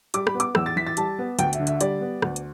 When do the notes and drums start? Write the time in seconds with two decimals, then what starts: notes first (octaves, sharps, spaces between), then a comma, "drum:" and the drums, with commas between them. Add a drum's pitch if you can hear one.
0.14 G3 D6, drum: hi-hat
0.27 B5, drum: rim click
0.35 B3
0.40 D6, drum: hi-hat
0.55 E2 E6, drum: rim click
0.66 A6
0.76 E3 B6
0.87 A6
0.97 G3 A5, drum: hi-hat
1.19 B3
1.39 D2 G5, drum: hi-hat
1.53 E5, drum: hi-hat
1.60 D3
1.67 E5, drum: hi-hat
1.81 G3 D5, drum: hi-hat
2.01 B3
2.22 D2, drum: rim click
2.36 drum: hi-hat